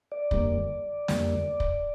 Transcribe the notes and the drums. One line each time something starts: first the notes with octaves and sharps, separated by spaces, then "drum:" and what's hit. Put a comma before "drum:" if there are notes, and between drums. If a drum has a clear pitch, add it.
D5
F2 D3 G3 A#3, drum: kick
F2 D3 G3 A#3, drum: snare
drum: kick